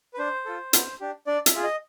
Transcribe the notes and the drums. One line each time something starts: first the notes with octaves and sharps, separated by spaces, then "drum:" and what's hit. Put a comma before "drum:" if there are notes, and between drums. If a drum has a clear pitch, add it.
B4
D4 C5
F4 A4
B3, drum: hi-hat
D4 G4
D4 D5
E5, drum: hi-hat
F4 G#4
D#5